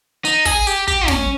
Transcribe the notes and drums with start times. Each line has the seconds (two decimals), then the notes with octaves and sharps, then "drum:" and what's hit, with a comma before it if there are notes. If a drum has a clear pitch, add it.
0.25 D#4, drum: hi-hat
0.45 G#4, drum: kick, open hi-hat
0.67 G4, drum: hi-hat
0.88 G4, drum: kick, hi-hat
1.08 C#4, drum: snare